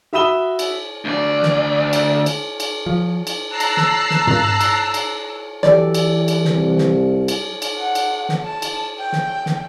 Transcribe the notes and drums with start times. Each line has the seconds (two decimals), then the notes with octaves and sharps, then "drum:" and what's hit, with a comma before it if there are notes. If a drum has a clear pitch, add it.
0.13 F#4 E5 B5 D#6 E7 G7
0.59 drum: cymbal
1.05 D2 D5
1.43 drum: snare
1.93 drum: cymbal
2.26 drum: cymbal
2.60 drum: cymbal
2.86 F3
3.27 drum: cymbal
3.49 A5 A#5 E6 F#6 C7
3.60 drum: cymbal
3.77 drum: snare
4.10 drum: snare
4.27 drum: tom
4.61 drum: cymbal
4.94 drum: cymbal
5.63 E3 F#3 G4 A4 D5, drum: snare
5.95 drum: cymbal
6.28 drum: cymbal
6.45 drum: snare
6.55 C2
6.78 drum: snare
7.28 drum: cymbal
7.62 drum: cymbal
7.79 F#5
7.95 drum: cymbal
8.29 drum: snare
8.45 A5
8.62 drum: cymbal
8.99 G5
9.12 drum: snare
9.46 drum: snare